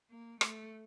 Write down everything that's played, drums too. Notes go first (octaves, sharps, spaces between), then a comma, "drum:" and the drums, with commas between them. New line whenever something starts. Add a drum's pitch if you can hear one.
A#3
A3, drum: rim click